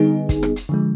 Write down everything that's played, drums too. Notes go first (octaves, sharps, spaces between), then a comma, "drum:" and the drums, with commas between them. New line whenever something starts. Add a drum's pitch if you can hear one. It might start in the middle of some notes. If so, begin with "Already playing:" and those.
Already playing: D3 G3 B3 D#4 G#4
drum: kick, hi-hat
drum: rim click
drum: hi-hat
D3 F3 G#3